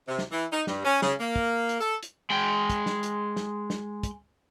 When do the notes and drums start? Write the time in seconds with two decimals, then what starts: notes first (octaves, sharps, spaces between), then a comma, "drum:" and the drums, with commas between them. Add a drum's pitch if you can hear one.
0.08 C3
0.19 drum: snare
0.32 E3
0.52 D#4
0.67 G2, drum: snare
0.85 C#4
1.02 C#3, drum: snare
1.20 A#3
1.36 drum: kick
1.69 drum: hi-hat
1.81 A4
2.03 drum: hi-hat
2.30 G#3 G5
2.70 drum: kick, hi-hat
2.86 drum: snare
3.03 drum: hi-hat
3.36 drum: snare
3.70 drum: snare
4.03 drum: kick, hi-hat